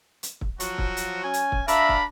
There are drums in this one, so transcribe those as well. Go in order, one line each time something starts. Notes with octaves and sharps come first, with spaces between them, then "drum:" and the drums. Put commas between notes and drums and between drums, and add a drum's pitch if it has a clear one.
drum: hi-hat
drum: kick
F3 F#3 F#4, drum: hi-hat
drum: kick
drum: hi-hat
C#4 G#5
drum: hi-hat
drum: kick
D2 D4 E5 F5 A#5 B5, drum: hi-hat
drum: kick